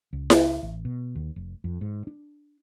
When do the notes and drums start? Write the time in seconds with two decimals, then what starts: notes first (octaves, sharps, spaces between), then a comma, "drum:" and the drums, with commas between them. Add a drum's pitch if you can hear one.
0.13 C#2
0.30 drum: snare E4
0.63 A1
0.85 B2
1.15 D#2
1.36 F1
1.64 F2
1.81 G#2
2.07 D4